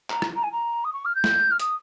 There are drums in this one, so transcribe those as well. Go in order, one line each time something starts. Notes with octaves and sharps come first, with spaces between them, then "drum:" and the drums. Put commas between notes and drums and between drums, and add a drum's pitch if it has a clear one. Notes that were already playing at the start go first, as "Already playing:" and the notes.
A#5, drum: clap
drum: rim click
A#5
G#5
A#5
D#6
C#6
F6
G6
drum: snare
F6
D#6, drum: hi-hat